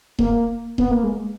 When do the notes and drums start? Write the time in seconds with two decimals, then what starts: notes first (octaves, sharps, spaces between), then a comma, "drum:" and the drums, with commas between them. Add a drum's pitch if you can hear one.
0.19 A#3, drum: kick D#1
0.78 B3, drum: kick D#1
0.91 A#3
1.04 G#3